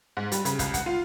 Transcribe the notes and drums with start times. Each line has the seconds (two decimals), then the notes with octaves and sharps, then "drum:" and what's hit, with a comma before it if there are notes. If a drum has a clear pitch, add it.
0.17 G#2
0.32 G3, drum: hi-hat
0.45 C#3, drum: hi-hat
0.59 C#2, drum: kick, hi-hat
0.74 F#5, drum: kick, hi-hat
0.86 F4